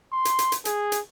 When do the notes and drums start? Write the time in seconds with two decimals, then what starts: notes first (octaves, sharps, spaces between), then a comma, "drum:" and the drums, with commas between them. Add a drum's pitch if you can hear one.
0.12 C6
0.25 drum: hi-hat
0.39 drum: hi-hat
0.52 drum: hi-hat
0.65 G#4, drum: hi-hat
0.92 drum: hi-hat